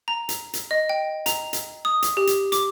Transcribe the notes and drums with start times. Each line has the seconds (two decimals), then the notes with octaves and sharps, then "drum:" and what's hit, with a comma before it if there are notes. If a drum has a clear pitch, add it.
0.08 A#5
0.29 drum: hi-hat
0.53 drum: hi-hat
0.71 D#5
0.89 G5
1.26 A#5, drum: hi-hat
1.53 drum: hi-hat
1.85 D#6
2.02 drum: hi-hat
2.17 G4
2.27 drum: hi-hat
2.52 D6, drum: hi-hat